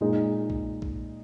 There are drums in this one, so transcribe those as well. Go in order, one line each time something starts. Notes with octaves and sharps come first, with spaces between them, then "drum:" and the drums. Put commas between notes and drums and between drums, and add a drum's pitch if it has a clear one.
A#2 G#3 D#4
drum: kick
drum: kick